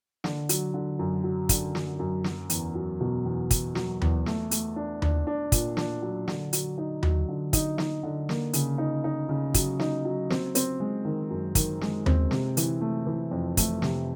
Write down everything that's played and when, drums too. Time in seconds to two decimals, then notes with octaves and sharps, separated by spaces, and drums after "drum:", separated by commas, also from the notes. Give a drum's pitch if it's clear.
0.24 D3, drum: snare
0.49 F#3, drum: hi-hat
0.74 D3
0.99 F#2
1.24 F#3
1.49 D3, drum: kick, hi-hat
1.75 F#3, drum: snare
1.99 F#2
2.24 F#3, drum: snare
2.50 E2, drum: hi-hat
2.75 F#3
3.00 B2
3.26 E2
3.51 F#3, drum: kick, hi-hat
3.75 F#3, drum: snare
4.02 E2, drum: tom D#2
4.26 A3, drum: snare
4.51 A3, drum: hi-hat
4.76 D4
5.02 D4, drum: tom D#2
5.27 D4
5.52 A#2, drum: kick, hi-hat
5.77 D4, drum: snare
6.02 F#3
6.28 D3, drum: snare
6.53 F#3, drum: hi-hat
6.78 D#4
7.03 F#3, drum: tom D#2
7.29 D3
7.53 D#4, drum: kick, hi-hat
7.78 D#4, drum: snare
8.03 D3
8.29 A#3, drum: snare
8.53 C#3, drum: hi-hat
8.78 D#4
9.04 D#4
9.29 C#3
9.54 F#3, drum: kick, hi-hat
9.79 D#4, drum: snare
10.05 F#3
10.30 C4, drum: snare
10.55 C4, drum: hi-hat
10.80 G#3
11.05 D#3
11.31 F#2
11.55 D#3, drum: kick, hi-hat
11.81 G#3, drum: snare
12.06 C4, drum: tom D#2
12.31 C3, drum: snare
12.57 E3, drum: hi-hat
12.81 A3
13.07 E3
13.31 F2
13.57 A3, drum: kick, hi-hat
13.82 C3, drum: snare